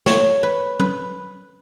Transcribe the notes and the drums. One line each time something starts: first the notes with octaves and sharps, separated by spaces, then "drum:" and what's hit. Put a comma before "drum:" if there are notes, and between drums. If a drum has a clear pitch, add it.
C#5, drum: snare
B4
B4, drum: tom F#3